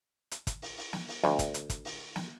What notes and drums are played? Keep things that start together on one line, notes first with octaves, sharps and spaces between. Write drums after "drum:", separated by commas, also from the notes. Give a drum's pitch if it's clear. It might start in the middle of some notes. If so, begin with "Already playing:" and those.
drum: hi-hat
drum: kick, hi-hat
drum: open hi-hat
drum: open hi-hat
drum: snare
drum: open hi-hat
D2, drum: snare
drum: kick, hi-hat
drum: hi-hat
drum: kick, hi-hat
drum: open hi-hat
drum: snare